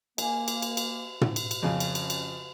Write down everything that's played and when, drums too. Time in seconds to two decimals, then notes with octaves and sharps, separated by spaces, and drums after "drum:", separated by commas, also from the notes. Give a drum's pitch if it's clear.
0.18 A#3 G#5, drum: cymbal
0.48 drum: cymbal
0.62 drum: cymbal
0.77 drum: cymbal
1.21 drum: tom
1.36 drum: cymbal
1.51 drum: cymbal
1.63 F2 C#3 C#4
1.80 drum: cymbal
1.95 drum: cymbal
2.10 drum: cymbal